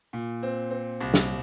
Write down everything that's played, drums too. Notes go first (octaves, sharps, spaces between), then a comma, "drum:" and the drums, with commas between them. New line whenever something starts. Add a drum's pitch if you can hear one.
A#2
C4
C4
C2
drum: snare